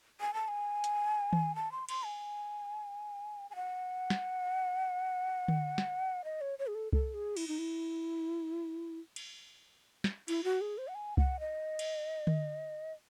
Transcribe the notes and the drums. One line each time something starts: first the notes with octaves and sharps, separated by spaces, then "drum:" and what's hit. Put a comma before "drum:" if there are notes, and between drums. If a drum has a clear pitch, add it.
G#5
A5
G#5
drum: hi-hat
drum: tom D#3
A5
C6
C6, drum: cymbal
G#5
G#5
F#5
drum: snare
drum: tom D3
drum: snare
D#5
C#5
C#5
G#4
A4
A4, drum: kick C2
G#4
E4, drum: cymbal
D#4
E4
drum: cymbal
drum: snare
E4, drum: cymbal
F#4
G#4
C5
F#5
G#5
F#5, drum: kick C2
D#5
drum: cymbal
drum: tom D3